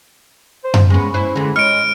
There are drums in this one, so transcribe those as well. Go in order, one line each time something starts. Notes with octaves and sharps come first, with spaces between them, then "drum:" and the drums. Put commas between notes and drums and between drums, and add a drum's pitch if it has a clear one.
C5
drum: tom F#2
G#3 B3 C#4
E4 B4 C5
D3 E3 G#3
G#3 C#5 F6 D7